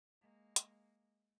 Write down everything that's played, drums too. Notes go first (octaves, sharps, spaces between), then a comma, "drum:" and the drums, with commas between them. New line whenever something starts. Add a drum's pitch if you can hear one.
G#3 A#3
drum: hi-hat